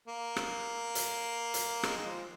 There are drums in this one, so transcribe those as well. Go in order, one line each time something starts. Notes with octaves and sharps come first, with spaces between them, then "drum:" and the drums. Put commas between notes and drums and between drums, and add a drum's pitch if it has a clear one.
A#3
drum: rim click
drum: hi-hat
drum: hi-hat
G#3, drum: rim click
D#3
F3